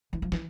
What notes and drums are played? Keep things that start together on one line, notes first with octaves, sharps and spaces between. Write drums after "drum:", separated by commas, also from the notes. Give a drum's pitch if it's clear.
E3
F3
E3, drum: snare